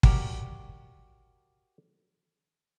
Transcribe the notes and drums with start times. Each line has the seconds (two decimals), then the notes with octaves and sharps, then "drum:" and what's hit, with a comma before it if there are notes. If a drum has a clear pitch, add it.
0.03 F#4 G4 A#4 D5, drum: kick